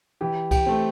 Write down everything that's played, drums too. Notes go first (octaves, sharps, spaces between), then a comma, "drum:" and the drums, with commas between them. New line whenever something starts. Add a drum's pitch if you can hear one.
E3 G4
G4, drum: kick C#2, cymbal
A3 C4